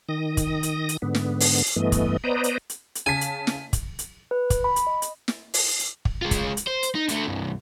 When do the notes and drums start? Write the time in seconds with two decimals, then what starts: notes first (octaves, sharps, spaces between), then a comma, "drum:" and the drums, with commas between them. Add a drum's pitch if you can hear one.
0.09 D#3 D#6 A#6
0.37 drum: kick, hi-hat
0.63 drum: hi-hat
0.89 drum: hi-hat
1.02 G#2 D3 B3
1.15 drum: snare
1.40 drum: open hi-hat
1.66 drum: hi-hat
1.76 G2 E3 A3 B3 D#5
1.92 drum: kick, hi-hat
2.24 B3 B4 C5 D5 D#5 A#5
2.44 drum: hi-hat
2.70 drum: hi-hat
2.95 drum: hi-hat
3.06 C#3 G#5 A5 B6
3.21 drum: hi-hat
3.47 drum: snare
3.73 drum: kick, hi-hat
3.99 drum: hi-hat
4.31 B4
4.50 drum: kick, hi-hat
4.64 B5
4.76 drum: hi-hat
4.87 D#5
5.02 drum: hi-hat
5.28 drum: snare
5.54 drum: open hi-hat
5.79 drum: hi-hat
6.05 drum: kick
6.22 G#3 F4
6.31 drum: kick, hi-hat
6.57 drum: hi-hat
6.67 C5
6.83 drum: hi-hat
6.95 D#4
7.09 D3 A3, drum: hi-hat
7.28 C2 G2